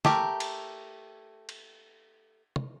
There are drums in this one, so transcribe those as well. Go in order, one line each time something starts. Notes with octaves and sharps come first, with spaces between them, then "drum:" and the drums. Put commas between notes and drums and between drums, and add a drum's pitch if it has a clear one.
A3 G4 A#4, drum: snare
drum: cymbal
drum: cymbal
drum: tom